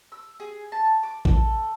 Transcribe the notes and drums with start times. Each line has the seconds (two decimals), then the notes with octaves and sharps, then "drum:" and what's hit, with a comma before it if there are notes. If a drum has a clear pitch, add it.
0.12 E6
0.40 G#4
0.72 A5
1.03 D6
1.25 A4, drum: kick A1